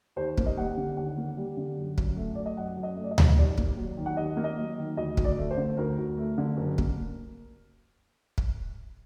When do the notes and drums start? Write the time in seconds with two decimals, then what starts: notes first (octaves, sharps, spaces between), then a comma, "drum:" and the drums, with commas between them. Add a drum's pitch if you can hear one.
0.16 D#2 C5
0.38 A#3, drum: kick
0.46 D#5
0.57 G3 F#5
0.77 D3
0.97 D#2 F#5
1.18 A#3
1.37 G3
1.57 D3
1.77 F#2
1.98 F#2, drum: kick
2.16 A3
2.35 F#3 D5
2.46 D#5
2.57 F#2 F#5
2.77 F#2
2.83 D#5
2.97 A3
3.04 D5
3.11 D#5
3.18 F#3, drum: tom D2
3.37 D#2 D5
3.58 A#3, drum: kick
3.77 F#3
3.97 D#3
4.06 F#5
4.17 D#2 D#5
4.37 A#3
4.44 D#5
4.57 F#3
4.78 D#3
4.97 D2 D#5
5.17 D2, drum: kick
5.25 D5
5.38 A3
5.51 C5
5.57 D3
5.77 D2 A#4
5.98 D2
6.18 A3
6.38 D3
6.57 F#1
6.78 A#3, drum: kick
8.38 drum: kick